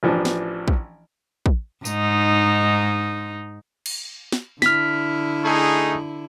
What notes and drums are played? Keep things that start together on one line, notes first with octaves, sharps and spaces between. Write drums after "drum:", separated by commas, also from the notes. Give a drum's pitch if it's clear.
A1 E3 F3 D4
drum: snare
drum: kick
drum: kick
G#2 D#4, drum: tambourine
drum: cymbal
drum: snare
D3 E4 F6 B6, drum: snare
A3 D#4 G#4